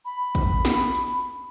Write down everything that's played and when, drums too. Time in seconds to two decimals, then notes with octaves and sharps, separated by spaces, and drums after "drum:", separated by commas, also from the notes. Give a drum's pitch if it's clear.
0.05 B5
0.35 drum: kick, hi-hat
0.65 drum: snare
0.95 drum: hi-hat